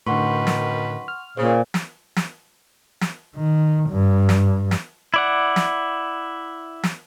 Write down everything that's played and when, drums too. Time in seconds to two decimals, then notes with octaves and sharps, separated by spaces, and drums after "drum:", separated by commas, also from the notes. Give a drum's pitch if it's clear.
0.07 F#2 A2 D3 D#3 B4 F#5 C6 C#6
0.47 drum: snare
1.08 F6
1.37 A#2 C#3 C5
1.74 drum: snare
2.16 drum: snare
3.01 drum: snare
3.36 D#3
3.90 G2
4.29 drum: snare
4.71 drum: snare
5.14 E4 D5 F#5
5.56 drum: snare
6.83 drum: snare